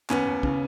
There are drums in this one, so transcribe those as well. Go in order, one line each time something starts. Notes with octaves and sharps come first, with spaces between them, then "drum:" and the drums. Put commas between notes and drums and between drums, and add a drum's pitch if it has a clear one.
D#2 B3 C#4, drum: clap
D#2
C#3, drum: kick